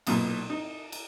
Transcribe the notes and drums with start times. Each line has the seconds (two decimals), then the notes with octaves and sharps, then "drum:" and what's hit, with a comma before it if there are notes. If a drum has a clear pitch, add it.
0.07 B1 A#2 F#3 B3 D#4, drum: cymbal
0.50 D#4
0.92 drum: cymbal